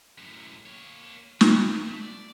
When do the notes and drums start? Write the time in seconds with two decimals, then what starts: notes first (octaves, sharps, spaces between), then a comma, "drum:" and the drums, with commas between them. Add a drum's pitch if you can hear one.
0.18 F#2 A2
0.66 A#3 C#5
1.41 A#3 B3, drum: snare
1.86 A3
2.01 D5